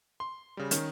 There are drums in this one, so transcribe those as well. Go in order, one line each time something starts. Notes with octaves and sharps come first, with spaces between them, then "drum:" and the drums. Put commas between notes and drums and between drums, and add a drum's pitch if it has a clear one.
C6
C#3 G3
D#3 C#4, drum: hi-hat